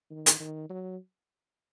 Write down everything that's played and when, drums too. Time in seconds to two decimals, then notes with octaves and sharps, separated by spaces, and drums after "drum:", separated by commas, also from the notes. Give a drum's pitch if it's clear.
0.11 D#3
0.26 drum: hi-hat
0.40 D#3
0.70 F#3